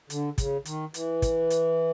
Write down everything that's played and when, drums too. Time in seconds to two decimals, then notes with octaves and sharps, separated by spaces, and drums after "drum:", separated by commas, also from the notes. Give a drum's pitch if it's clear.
0.10 D3, drum: hi-hat
0.38 C#3, drum: kick, hi-hat
0.65 D#3, drum: hi-hat
0.94 E3, drum: hi-hat
1.22 drum: kick, hi-hat
1.50 drum: hi-hat